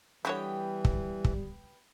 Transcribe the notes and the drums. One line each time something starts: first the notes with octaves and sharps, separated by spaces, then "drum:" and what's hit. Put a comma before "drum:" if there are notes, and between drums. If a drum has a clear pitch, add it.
D3 E3 G3 B3 F#4 G4 C#5 G5
drum: kick
drum: kick